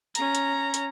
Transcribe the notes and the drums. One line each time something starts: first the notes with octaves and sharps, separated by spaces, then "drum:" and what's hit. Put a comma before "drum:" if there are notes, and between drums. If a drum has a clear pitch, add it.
C#4 A#5, drum: hi-hat
drum: hi-hat
drum: hi-hat